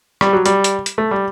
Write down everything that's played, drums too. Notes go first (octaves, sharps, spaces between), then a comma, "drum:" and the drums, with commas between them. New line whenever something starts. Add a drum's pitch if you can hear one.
G3, drum: rim click
F#3
G3, drum: hi-hat
drum: hi-hat
drum: hi-hat
A3
G3